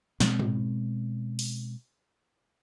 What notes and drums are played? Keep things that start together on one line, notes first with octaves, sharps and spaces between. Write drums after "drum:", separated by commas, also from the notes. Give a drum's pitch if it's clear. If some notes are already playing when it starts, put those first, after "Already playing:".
B2 G#3 C4, drum: snare
drum: tom G#2
drum: open hi-hat